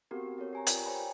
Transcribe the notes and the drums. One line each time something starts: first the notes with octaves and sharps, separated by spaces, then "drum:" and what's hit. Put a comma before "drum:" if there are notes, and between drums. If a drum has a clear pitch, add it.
B3 C4 F#4 G4 A4 A#4
C4 A4 A#4 C#5
G4 G#5 A#5
F4 G4 A#4 B4 D5 G5, drum: hi-hat
C5 C#5 G5 G#5 A#5 B5